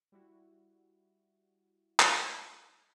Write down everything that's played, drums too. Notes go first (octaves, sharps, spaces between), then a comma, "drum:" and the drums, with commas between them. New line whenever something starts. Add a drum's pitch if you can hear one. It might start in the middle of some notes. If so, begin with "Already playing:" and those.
G3 E4 F#4
drum: clap